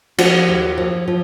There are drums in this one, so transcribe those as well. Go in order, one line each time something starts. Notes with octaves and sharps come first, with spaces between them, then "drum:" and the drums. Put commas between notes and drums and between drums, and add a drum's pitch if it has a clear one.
F3 F#4, drum: cymbal
D#2
F3
F3